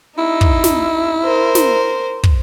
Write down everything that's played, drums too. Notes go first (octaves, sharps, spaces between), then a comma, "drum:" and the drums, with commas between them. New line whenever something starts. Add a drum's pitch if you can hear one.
D#4 E4
drum: kick
drum: snare
A#4 C5
drum: snare
drum: kick